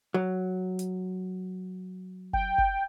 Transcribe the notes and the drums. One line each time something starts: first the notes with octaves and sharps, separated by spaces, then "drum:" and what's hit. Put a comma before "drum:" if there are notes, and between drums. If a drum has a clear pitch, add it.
F#3
drum: hi-hat
G5, drum: kick F#1
drum: kick F#1